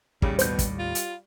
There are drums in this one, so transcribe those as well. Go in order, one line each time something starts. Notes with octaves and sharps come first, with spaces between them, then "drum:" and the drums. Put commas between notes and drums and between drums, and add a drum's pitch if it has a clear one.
D#2 A2 C#3 G3, drum: kick
B2 C5 G6, drum: hi-hat
drum: kick, hi-hat
F4
drum: hi-hat